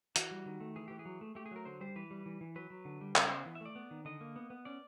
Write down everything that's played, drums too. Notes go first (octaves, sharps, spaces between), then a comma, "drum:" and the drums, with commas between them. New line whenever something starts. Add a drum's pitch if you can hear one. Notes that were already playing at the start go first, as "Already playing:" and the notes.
E3 F#4, drum: hi-hat
G3
D#3
A3
E3 G#4
E3 G4
G#4
F#3
A3
A3 G4
G#4
F#3 A#4
D3 C5
G3 C5
E3 B4
G3
E3
E3
F#3 B4
F#3
D3
G3
C#3 A#4, drum: clap
B3 C5
E3
E5
A3 D5
B3
D#3
D3 D#5
A#3
B3
B3
C#4 D5